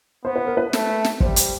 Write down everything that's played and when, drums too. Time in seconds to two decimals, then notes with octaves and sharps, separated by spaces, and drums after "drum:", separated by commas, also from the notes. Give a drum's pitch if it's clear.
0.25 B3 C5
0.36 B4
0.47 A#4
0.57 B4
0.73 A3, drum: snare
1.04 drum: snare
1.20 G3 C5, drum: kick
1.36 drum: hi-hat